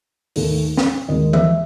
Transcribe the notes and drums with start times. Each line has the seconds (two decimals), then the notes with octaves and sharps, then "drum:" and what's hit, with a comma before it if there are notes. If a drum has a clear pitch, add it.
0.36 D#2 D#3 A3, drum: open hi-hat
0.77 drum: snare
1.08 D#2 D#3 G#3 D#5
1.33 E5, drum: tom E3